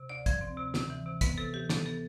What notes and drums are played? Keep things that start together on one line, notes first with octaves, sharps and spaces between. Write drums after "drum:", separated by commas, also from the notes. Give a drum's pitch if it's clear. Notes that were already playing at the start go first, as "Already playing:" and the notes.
Already playing: C3
D2 D5
F3, drum: kick, hi-hat
C4
C3
C3, drum: snare
E3
C3
B3 B4, drum: kick, hi-hat
C3 A4
E3 G4
B3 A4, drum: snare
B3 A4